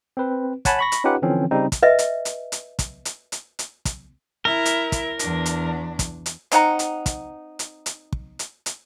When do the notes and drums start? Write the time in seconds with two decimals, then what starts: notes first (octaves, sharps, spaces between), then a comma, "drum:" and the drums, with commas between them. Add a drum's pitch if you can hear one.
0.17 C4 B4
0.65 C#5 F#5 G#5 A5 B5, drum: kick, hi-hat
0.79 B5 C#6 A#6
0.92 drum: hi-hat
1.04 C#4 D#4 F4 G4 B4 F#5
1.22 D3 E3 F3 C4 C#4
1.51 C#3 G3 C4 D#4
1.72 drum: kick, hi-hat
1.83 B4 D#5 E5
1.99 drum: hi-hat
2.25 drum: hi-hat
2.52 drum: hi-hat
2.79 drum: kick, hi-hat
3.05 drum: hi-hat
3.32 drum: hi-hat
3.59 drum: hi-hat
3.85 drum: kick, hi-hat
4.45 E4 A#4 E5
4.65 drum: hi-hat
4.92 drum: kick, hi-hat
5.19 E2 D4, drum: hi-hat
5.46 drum: hi-hat
5.99 drum: kick, hi-hat
6.26 drum: hi-hat
6.52 C4 D#4 F#5 A#5, drum: hi-hat
6.79 drum: hi-hat
7.06 drum: kick, hi-hat
7.59 drum: hi-hat
7.86 drum: hi-hat
8.12 drum: kick
8.39 drum: hi-hat
8.66 drum: hi-hat